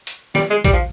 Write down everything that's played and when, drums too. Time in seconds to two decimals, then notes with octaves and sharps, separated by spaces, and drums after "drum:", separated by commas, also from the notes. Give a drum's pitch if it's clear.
0.07 drum: hi-hat
0.35 G3, drum: snare
0.50 G#3
0.65 G3, drum: kick A#1, hi-hat
0.73 F3